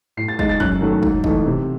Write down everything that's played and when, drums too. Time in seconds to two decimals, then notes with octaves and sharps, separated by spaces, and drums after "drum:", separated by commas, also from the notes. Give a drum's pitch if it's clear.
0.17 A2 C7
0.28 A6
0.39 G#3 D#4 A6, drum: kick
0.49 A6
0.60 F#2 F#6, drum: kick
0.81 D#3 F#3 A3
1.03 G#2, drum: kick
1.24 E3 A3 D#4, drum: kick
1.46 C3